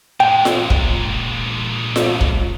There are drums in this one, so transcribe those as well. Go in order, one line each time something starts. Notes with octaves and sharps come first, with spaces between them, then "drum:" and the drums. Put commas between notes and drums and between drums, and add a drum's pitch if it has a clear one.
A#2 G#3 G5
drum: snare F4
drum: kick
drum: snare F4
drum: kick